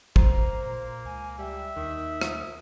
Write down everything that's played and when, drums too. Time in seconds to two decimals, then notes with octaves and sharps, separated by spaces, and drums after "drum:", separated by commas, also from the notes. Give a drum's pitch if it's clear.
0.16 A#3 C5 A#5, drum: kick
0.65 A#2
1.05 C#2 G#5
1.39 G3 E5 G5
1.76 D#2 D#3 D#6
2.21 drum: rim click